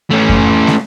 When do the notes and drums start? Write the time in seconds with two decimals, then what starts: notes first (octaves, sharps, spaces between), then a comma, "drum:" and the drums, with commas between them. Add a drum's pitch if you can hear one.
0.10 A3 C#4
0.29 drum: kick F2
0.67 drum: snare